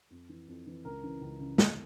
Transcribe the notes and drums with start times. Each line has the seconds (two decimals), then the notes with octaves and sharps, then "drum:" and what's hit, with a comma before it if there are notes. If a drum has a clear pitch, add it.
0.10 F2
0.29 E3
0.48 F2
0.67 E3
0.85 C#2 A#4
1.03 C#3 E3
1.21 C#2
1.40 C#3 E3
1.58 E2, drum: snare